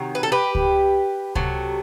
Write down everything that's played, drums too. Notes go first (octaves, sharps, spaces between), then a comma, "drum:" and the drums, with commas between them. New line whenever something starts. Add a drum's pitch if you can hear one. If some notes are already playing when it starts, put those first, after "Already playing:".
Already playing: C3 D#3 F#3
B4
A4
G4 B4
drum: kick C#2
C3 F#3 A3, drum: kick C#2